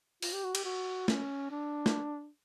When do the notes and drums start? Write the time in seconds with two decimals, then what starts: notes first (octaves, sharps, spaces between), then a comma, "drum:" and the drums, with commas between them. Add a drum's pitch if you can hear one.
0.22 F4, drum: open hi-hat
0.33 G4
0.44 F#4
0.55 G4, drum: cymbal
0.65 F#4
1.08 C#4, drum: snare
1.51 D4
1.86 drum: snare